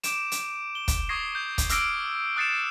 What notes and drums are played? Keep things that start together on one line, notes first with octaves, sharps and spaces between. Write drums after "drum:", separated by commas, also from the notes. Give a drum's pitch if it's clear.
D6 G6 D7 E7, drum: hi-hat
drum: hi-hat
G7
drum: kick, hi-hat
C#6 D#6 G#6 A#6 C7
G6
drum: kick, hi-hat
D6 E6 F6 A#6 C7 D7, drum: hi-hat
D#6 F#6 A6 C7 C#7 E7